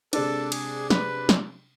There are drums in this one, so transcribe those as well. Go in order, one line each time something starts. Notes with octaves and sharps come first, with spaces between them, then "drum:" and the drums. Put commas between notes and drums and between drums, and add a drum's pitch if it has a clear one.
C3 G#3 D4 A4, drum: cymbal
G#4, drum: cymbal
B4, drum: snare
drum: snare